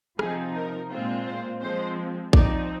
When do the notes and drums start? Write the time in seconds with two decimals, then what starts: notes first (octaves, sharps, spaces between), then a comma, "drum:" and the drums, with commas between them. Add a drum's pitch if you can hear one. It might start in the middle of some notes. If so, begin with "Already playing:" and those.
0.19 C3 F3 C4 D#4 G#4, drum: rim click
0.54 A#4
0.91 A#2 G#3 C4 F4
1.27 C5
1.61 F3 G#3 C4 C5
2.33 F3 C4 D#4 D5, drum: kick A#1